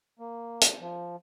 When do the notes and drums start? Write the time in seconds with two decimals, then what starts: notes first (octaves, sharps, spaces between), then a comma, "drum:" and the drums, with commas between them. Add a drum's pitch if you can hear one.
0.19 A#3
0.61 drum: hi-hat
0.81 F3